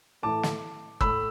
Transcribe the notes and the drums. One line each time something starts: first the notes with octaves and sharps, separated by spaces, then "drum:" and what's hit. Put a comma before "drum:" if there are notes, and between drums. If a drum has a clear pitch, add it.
A2 E3 A3 A5 D6
drum: snare
A2 A3 B5 E6, drum: kick